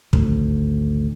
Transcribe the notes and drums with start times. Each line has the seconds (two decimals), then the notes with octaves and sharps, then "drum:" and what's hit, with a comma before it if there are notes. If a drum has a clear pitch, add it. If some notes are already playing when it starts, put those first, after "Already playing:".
0.13 G#1 D2, drum: kick